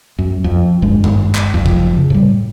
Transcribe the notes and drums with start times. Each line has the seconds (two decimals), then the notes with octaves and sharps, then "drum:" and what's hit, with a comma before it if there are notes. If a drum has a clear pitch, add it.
0.19 F#2
0.44 F2
0.82 G#1 G2 G#3
1.04 drum: tom F#2
1.35 drum: clap
1.54 F#1 F2
1.66 drum: kick
1.97 C#3
2.10 A2 G3